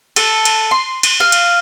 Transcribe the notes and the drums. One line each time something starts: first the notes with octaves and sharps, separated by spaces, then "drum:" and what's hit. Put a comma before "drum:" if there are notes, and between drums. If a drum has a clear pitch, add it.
A4, drum: cymbal
drum: cymbal
C6
drum: cymbal
F5
drum: cymbal